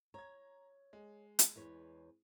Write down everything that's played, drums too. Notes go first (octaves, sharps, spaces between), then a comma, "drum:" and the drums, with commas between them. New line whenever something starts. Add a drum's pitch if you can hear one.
C#5 A#5 G#6
G#3
drum: hi-hat
E2 B4 C#5